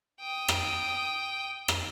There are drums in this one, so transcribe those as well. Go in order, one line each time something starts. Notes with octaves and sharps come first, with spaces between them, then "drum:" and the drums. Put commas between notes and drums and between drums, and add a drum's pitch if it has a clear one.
G5 D#6
drum: rim click
drum: rim click